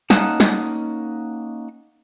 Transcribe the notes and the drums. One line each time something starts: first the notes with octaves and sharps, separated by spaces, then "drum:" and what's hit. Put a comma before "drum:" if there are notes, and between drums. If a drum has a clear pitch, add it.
A#3 C#4 D#4 D#5 F#5 A5, drum: snare
drum: snare